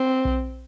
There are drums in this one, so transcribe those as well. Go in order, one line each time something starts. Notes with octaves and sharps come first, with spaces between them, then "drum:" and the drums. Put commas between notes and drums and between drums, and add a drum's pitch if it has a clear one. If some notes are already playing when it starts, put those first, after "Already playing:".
Already playing: C4
drum: kick B1